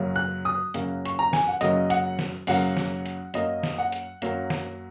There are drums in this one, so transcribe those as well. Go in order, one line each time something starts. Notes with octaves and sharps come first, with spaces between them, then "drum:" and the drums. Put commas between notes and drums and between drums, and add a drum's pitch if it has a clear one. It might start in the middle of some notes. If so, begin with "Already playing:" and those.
Already playing: F#2 C#3 F#3 A#3
F#6
D#6
F#2 C#3 F#3 A#3, drum: hi-hat
C#6, drum: hi-hat
A#5
G#5, drum: snare
F#5
F#2 C#3 F#3 A#3 D#5, drum: hi-hat
F#5, drum: hi-hat
drum: snare
F#2 C#3 F#3 A#3 F#5, drum: open hi-hat
drum: snare
drum: hi-hat
F#2 F#3 A#3 D#5, drum: hi-hat
drum: snare
F#5
drum: hi-hat
F#2 F#3 A#3, drum: hi-hat
drum: snare